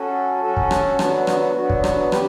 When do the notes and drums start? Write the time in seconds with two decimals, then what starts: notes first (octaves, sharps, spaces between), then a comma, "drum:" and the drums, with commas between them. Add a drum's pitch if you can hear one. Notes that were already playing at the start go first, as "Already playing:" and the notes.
Already playing: F#3 C#4 F#4 A4
0.42 F#3 C#4 F#4 A4
0.57 drum: kick
0.71 drum: rim click
0.99 D3 F#3 B3 F#4, drum: rim click
1.27 drum: rim click
1.55 D3 F#3 B3 F#4
1.70 drum: kick
1.84 drum: rim click
2.12 G4 B4, drum: rim click